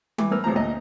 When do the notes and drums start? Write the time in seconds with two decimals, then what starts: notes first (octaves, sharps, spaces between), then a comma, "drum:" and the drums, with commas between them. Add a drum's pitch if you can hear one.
0.18 E3 D6, drum: tom G3
0.31 A2 B3 A#4 E6 F6
0.44 G#1 A2 C3 F3 C5 A#5
0.55 D2 A#2 D#5 A#5